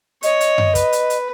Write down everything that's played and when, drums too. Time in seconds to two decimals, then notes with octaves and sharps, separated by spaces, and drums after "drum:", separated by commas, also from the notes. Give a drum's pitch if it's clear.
0.23 C#5 D#5, drum: hi-hat
0.41 drum: hi-hat
0.58 drum: tom F#2
0.75 B4, drum: kick, hi-hat
0.93 drum: hi-hat
1.10 drum: hi-hat